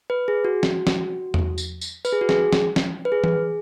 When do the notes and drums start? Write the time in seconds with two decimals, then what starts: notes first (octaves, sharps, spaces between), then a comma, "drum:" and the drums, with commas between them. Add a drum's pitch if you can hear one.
0.10 B4
0.28 G#4
0.45 F#4
0.63 drum: snare
0.87 drum: snare
1.34 drum: tom E2
1.58 drum: tambourine
1.81 drum: tambourine
2.05 B4, drum: tambourine
2.13 G#4
2.21 F#4
2.29 G#4, drum: snare
2.53 drum: snare
2.76 drum: snare
3.05 B4
3.12 G#4
3.24 drum: tom E3